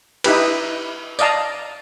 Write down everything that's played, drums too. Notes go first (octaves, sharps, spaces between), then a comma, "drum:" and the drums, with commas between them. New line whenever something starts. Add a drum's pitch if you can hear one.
D#4 E4 G4 B4, drum: cymbal
D5 D#5 F5 A5 A#5, drum: tambourine